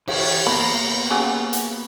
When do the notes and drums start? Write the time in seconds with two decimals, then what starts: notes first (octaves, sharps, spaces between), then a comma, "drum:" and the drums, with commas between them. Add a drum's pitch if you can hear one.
0.08 E3 G4 C#5, drum: cymbal
0.47 A#3 B3 A#5 B5
1.10 C#3 F#3 G4
1.53 drum: hi-hat